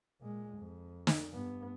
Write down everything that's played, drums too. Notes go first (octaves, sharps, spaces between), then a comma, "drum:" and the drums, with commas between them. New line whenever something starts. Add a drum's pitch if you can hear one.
A#2 G#3
F2
drum: snare
G2 B3